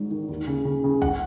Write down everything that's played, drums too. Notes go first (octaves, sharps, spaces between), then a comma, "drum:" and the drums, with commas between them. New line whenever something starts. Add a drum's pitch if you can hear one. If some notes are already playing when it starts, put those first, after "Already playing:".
Already playing: G#1 G#2
D#3
D#2
C#3
C#3
C#3
F#5, drum: kick